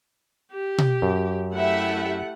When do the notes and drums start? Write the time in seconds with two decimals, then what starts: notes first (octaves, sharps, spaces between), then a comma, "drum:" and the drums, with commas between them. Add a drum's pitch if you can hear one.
0.52 G4
0.78 drum: tom B2
1.02 F#2
1.54 A3 E4 G4 E5 F#5